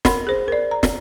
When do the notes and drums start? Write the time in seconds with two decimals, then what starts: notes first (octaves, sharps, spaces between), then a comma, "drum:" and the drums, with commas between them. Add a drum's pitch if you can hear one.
0.05 A#4 F#5 B5 C6, drum: snare
0.27 G#4 C5
0.48 A#4 D5
0.71 A#5
0.83 drum: snare